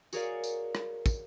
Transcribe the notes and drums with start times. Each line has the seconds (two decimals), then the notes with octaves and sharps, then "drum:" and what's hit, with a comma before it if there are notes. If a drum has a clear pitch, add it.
0.13 F#4 G#4 A#4 C#5 D5 F5, drum: tambourine
0.44 drum: tambourine
0.75 drum: rim click
1.06 drum: kick, tambourine